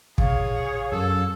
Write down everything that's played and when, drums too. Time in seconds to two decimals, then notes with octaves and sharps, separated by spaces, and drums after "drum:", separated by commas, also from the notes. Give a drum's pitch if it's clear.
0.18 G#4 C#5 F5, drum: kick
0.92 F#2 A4